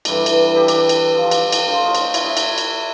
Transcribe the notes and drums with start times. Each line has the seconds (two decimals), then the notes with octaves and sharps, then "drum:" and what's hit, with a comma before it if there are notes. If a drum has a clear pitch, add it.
0.05 G2 D3 E3 G3, drum: cymbal
0.26 drum: cymbal
0.54 G4 A4 B4
0.68 drum: cymbal
0.89 drum: cymbal
1.14 F3
1.31 drum: cymbal
1.53 drum: cymbal
1.66 D3 F4 C5
1.82 C5 C#5 D#5
1.95 drum: cymbal
2.14 E4, drum: cymbal
2.37 drum: cymbal
2.58 drum: cymbal